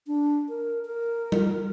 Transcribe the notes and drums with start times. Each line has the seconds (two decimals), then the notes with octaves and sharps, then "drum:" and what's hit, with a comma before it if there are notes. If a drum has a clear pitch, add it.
0.07 D4
0.49 A#4
0.85 A#4
1.32 drum: tom G3